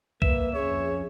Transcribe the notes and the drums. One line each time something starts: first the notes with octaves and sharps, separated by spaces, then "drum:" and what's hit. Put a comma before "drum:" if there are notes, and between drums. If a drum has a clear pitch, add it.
A#3 B4 E5, drum: kick
F2 C#4 G#4 C#5